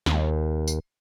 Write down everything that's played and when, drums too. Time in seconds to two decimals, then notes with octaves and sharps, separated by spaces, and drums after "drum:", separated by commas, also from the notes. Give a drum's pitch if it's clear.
0.06 D#2, drum: snare
0.68 drum: tambourine